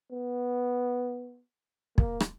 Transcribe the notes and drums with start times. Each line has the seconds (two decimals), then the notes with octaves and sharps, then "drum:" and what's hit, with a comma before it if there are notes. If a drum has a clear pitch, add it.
0.11 B3
1.98 A#3, drum: kick
2.20 drum: rim click